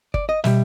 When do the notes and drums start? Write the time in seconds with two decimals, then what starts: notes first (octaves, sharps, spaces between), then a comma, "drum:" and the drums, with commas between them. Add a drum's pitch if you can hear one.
0.14 D5, drum: kick G1
0.29 D#5
0.44 B2 G3 E5, drum: snare